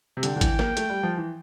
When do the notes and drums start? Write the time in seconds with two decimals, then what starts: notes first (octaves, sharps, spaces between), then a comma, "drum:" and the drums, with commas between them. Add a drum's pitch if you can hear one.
0.17 C3
0.23 D3 G5, drum: hi-hat
0.36 D3
0.41 E3, drum: kick, hi-hat
0.59 A#3, drum: snare
0.77 A3, drum: hi-hat
0.90 G3
1.03 F3
1.17 E3